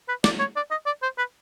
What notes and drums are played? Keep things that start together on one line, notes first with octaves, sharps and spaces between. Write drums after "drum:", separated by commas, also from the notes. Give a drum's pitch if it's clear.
B4
D5, drum: snare
C#5
D5
D#5
D5
C5
B4